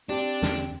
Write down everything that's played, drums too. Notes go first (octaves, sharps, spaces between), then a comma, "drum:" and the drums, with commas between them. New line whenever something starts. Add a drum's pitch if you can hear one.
C4 D4 G4
E2 D3, drum: snare